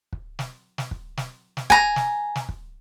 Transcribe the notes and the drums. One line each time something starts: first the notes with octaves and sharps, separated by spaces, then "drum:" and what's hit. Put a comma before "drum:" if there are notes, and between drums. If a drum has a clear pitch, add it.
drum: kick
drum: snare
drum: snare
drum: kick
drum: snare
drum: snare
G#5 A#5, drum: kick
drum: snare
drum: snare
drum: kick